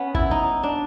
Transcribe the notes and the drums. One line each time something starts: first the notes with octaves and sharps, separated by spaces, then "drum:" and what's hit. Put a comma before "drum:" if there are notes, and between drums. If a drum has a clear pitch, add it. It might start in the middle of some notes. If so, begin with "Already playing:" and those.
Already playing: B3 C#4
E4, drum: kick G1
D#4
D4